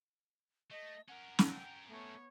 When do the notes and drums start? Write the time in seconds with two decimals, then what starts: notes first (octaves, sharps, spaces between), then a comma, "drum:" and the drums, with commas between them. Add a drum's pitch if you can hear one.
0.71 A3 D#5
1.09 C#4 A#4 F#5
1.39 drum: snare
1.50 G5
1.88 A3 B3 C#5